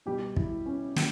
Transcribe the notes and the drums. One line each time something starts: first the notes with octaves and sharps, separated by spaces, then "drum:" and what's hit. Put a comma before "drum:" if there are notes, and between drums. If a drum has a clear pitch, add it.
B2 G3 G4
E4, drum: kick
C#4
G3, drum: snare